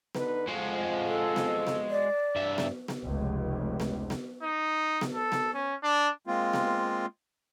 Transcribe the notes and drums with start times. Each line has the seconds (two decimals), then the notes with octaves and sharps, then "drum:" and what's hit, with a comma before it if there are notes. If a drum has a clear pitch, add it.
0.15 D3 D#4 B4, drum: snare B3
0.48 F2 F3 G#3 F#4
1.05 A4
1.36 drum: snare B3
1.67 drum: snare B3
1.90 D5
2.36 G2 E5
2.58 drum: snare B3
2.88 drum: snare B3
3.04 F1 C#2
3.80 drum: snare B3
4.10 drum: snare B3
4.43 D#4
5.01 drum: snare B3
5.14 A4
5.32 drum: snare B3
5.53 C#4
5.83 D4
6.27 G#3 A#3 C4 F4
6.54 drum: snare B3